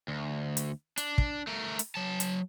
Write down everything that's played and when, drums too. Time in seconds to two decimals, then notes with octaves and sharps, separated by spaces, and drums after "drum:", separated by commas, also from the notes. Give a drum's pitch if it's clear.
0.08 D2
0.57 drum: hi-hat
0.97 D4, drum: hi-hat
1.18 drum: kick
1.47 A3 A#4
1.79 drum: hi-hat
1.95 F#3 A5
2.20 drum: hi-hat